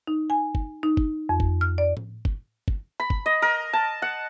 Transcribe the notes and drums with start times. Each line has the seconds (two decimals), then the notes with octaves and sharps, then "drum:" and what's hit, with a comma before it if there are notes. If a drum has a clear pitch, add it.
0.07 D#4
0.30 G#5
0.55 drum: kick F#1
0.83 D#4
0.97 drum: kick F#1
1.29 F2
1.40 drum: kick F#1
1.61 F6
1.78 D5
1.97 drum: tom A2
2.25 drum: kick F#1
2.68 drum: kick F#1
3.00 B5
3.10 drum: kick F#1
3.26 D#5
3.42 A#4
3.73 A5
4.02 F#5